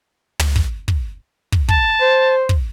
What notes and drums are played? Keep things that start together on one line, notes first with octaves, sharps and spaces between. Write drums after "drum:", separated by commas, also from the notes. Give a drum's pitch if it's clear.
drum: tom
drum: kick
drum: kick
drum: kick
A5, drum: kick
C5
drum: kick